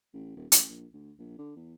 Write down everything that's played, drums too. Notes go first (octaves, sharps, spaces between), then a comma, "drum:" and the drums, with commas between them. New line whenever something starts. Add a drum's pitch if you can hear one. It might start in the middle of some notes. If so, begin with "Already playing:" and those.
A1
D#1
A1, drum: hi-hat
A#1
D2
A#1
D3
E2